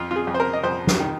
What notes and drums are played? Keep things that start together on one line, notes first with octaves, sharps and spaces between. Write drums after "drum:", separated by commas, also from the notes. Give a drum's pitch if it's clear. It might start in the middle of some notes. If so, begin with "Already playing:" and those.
Already playing: F2 F4
F4
G#4
F2
C5
A#4
D#5
F2 C5
drum: snare
D#3